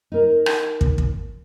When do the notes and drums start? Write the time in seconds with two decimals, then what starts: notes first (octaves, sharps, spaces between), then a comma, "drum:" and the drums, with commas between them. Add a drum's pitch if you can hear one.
0.12 D#4 A#4
0.46 drum: rim click
0.81 drum: kick
0.98 drum: kick